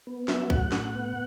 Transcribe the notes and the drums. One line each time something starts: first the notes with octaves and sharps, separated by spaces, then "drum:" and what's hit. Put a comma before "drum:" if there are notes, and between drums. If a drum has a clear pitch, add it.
B3
F#3 E5, drum: snare
A2 F#5, drum: kick
A2, drum: snare
B3